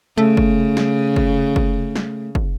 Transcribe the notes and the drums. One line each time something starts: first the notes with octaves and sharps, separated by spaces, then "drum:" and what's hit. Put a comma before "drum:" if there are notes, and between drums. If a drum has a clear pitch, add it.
C#3 A3
drum: kick
drum: snare
drum: kick
drum: kick
drum: snare
drum: kick